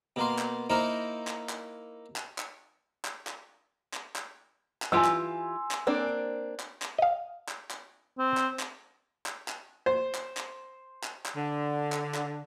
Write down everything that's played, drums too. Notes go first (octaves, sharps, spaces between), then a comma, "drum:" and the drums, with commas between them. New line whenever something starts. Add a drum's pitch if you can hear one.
B2 A#3 C6
drum: clap
A#3 D#4 E4 A#4 C5
drum: clap
drum: clap
drum: clap
drum: clap
drum: clap
drum: clap
drum: clap
drum: clap
drum: clap
E3 F4 G4 G#5 C6 E6
drum: clap
drum: clap
A#3 C4 D4
drum: clap
drum: clap
D#5 F5
drum: clap
drum: clap
C4
drum: clap
drum: clap
drum: clap
drum: clap
C5
drum: clap
drum: clap
drum: clap
drum: clap
D3
drum: clap
drum: clap